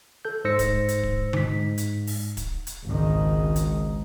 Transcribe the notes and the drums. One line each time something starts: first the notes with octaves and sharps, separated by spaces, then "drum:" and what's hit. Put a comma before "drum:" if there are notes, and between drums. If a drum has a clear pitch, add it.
A4 G6
G#2 C5 E6 A#6 C#7
drum: kick, hi-hat
drum: hi-hat
drum: kick
G#2 B6, drum: tom D3
drum: hi-hat
drum: open hi-hat
drum: kick, hi-hat
drum: hi-hat
G#1 C#2 D#3
drum: hi-hat